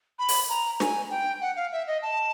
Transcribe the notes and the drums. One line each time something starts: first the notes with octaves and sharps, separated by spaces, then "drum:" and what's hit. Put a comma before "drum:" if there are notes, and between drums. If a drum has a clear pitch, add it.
B5
drum: open hi-hat
A#5
G#5, drum: snare
G5
F#5
F5
E5
D#5
A5